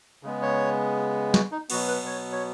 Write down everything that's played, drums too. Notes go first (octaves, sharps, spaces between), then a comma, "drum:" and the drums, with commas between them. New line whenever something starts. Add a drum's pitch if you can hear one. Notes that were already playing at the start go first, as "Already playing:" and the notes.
C#3 G#3 B3
C#5
F#4, drum: snare
D#4
B2 F#3 B3 F#4, drum: cymbal
B4
C#5
C#5